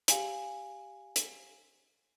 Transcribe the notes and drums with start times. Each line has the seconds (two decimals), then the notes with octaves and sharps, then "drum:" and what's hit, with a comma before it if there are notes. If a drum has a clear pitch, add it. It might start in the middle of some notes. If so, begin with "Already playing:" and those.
0.08 G4 F5 G#5 F#7, drum: hi-hat
1.16 drum: hi-hat